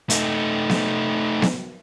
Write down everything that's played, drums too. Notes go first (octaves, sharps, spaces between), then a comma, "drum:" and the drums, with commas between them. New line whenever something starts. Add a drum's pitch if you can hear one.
A3 D#4, drum: hi-hat
drum: snare B3
drum: snare B3